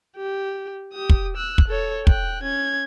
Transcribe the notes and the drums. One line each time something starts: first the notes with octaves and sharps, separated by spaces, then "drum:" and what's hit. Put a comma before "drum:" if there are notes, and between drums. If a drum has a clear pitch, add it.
G4
G4 D#6
drum: kick
E6 F#6
drum: kick
A4 C#5
G5 F#6, drum: kick
C#4 G#6